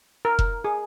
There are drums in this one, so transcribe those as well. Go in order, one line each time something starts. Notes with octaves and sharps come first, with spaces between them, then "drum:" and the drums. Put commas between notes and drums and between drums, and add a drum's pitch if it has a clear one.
A#4
drum: kick F1
G#4